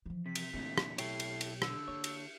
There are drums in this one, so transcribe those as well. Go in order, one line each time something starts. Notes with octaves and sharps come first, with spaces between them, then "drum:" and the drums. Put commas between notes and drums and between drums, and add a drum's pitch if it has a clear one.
E3 F3
C3 B6
drum: cymbal
A#2 D3 E3 A3 C4
drum: rim click
B1 E4 G4 A4 C#5 C7, drum: cymbal
drum: cymbal
drum: cymbal
D3 E6, drum: rim click
A#3 C#5
drum: cymbal